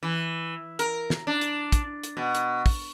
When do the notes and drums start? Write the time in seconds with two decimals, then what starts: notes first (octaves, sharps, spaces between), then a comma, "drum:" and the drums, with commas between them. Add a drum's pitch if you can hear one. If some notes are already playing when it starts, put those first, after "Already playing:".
0.03 E3
0.79 A#4, drum: hi-hat
1.10 drum: snare
1.27 D4
1.41 drum: hi-hat
1.72 drum: kick, hi-hat
2.04 drum: hi-hat
2.17 B2
2.35 drum: hi-hat
2.66 drum: kick, open hi-hat